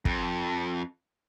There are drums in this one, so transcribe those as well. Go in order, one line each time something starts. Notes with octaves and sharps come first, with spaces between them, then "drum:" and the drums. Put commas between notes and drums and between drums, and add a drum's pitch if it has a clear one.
F2, drum: kick